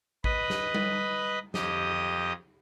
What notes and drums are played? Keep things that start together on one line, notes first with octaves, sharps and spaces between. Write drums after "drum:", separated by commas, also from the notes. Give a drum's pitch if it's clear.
B4 D#5 B5, drum: kick A1
drum: snare
drum: tom G3
F2 G4 D#5 D#6, drum: snare